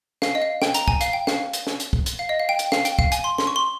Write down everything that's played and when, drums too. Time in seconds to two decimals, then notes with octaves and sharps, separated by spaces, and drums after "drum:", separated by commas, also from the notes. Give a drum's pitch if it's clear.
0.22 F5, drum: snare
0.35 D#5
0.42 F5
0.62 G5, drum: snare
0.74 A#5, drum: hi-hat
0.88 G#5, drum: kick
1.01 F5, drum: hi-hat
1.13 G5
1.27 F5, drum: snare
1.53 drum: hi-hat
1.67 drum: snare
1.80 drum: hi-hat
1.93 drum: kick
2.06 drum: hi-hat
2.19 F5
2.29 D#5
2.40 F5
2.49 G5
2.59 G5, drum: hi-hat
2.72 F5, drum: snare
2.85 G5, drum: hi-hat
2.99 F5, drum: kick
3.12 G#5, drum: hi-hat
3.24 C6
3.38 C6, drum: snare
3.47 C#6
3.56 C6